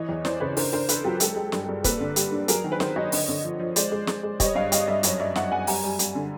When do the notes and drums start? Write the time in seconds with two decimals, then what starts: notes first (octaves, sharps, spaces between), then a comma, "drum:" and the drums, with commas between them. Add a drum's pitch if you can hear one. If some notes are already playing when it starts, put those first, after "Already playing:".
Already playing: E3 C#5 D#5
0.09 E2
0.25 E3 C5 D5, drum: snare
0.40 C#3 B4 C#5
0.57 D4 A#4 C5, drum: open hi-hat
0.73 D4 A#4 C5
0.89 D4 A4 B4, drum: hi-hat
1.04 F#3 F4 G4
1.20 G#3 G4 A4, drum: hi-hat
1.36 G#3
1.52 G2, drum: snare
1.69 G2
1.84 A#3 A4 B4, drum: kick, hi-hat
2.01 D3
2.16 G3, drum: hi-hat
2.32 D4
2.48 F#3 G#4 A#4, drum: hi-hat
2.64 D#3
2.72 B4
2.80 D#3 A#4 C5, drum: snare
2.96 F#3 C#5 D#5
3.12 D3, drum: open hi-hat
3.28 D3
3.44 F3
3.59 F3
3.76 G#3 C5 D5, drum: hi-hat
3.92 G#3
4.07 G#3, drum: snare
4.23 G#3
4.40 G3 C#5 D#5, drum: kick, hi-hat
4.55 G2 D#5 F5
4.72 G3 D#5 F5, drum: hi-hat
4.87 G2 D5 E5
5.03 F#2 C#5 D#5, drum: hi-hat
5.19 F#2 D5 E5
5.35 F#2 E5 F#5, drum: snare
5.51 F#2 F#5 G#5
5.67 G3 G#5 A#5, drum: open hi-hat
5.84 G3
5.99 G3, drum: hi-hat
6.15 D3